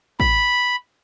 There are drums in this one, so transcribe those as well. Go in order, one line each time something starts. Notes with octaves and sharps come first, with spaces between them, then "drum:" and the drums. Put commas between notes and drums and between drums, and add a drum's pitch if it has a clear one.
B5, drum: kick A1